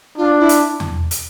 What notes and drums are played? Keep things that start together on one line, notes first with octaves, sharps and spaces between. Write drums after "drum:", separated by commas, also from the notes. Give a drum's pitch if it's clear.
D4 F4
E4
drum: hi-hat
drum: tom E2
drum: hi-hat